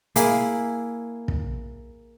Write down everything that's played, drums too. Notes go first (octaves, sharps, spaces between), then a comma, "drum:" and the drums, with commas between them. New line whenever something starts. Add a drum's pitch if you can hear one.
A#3 E4 G#4, drum: hi-hat
drum: kick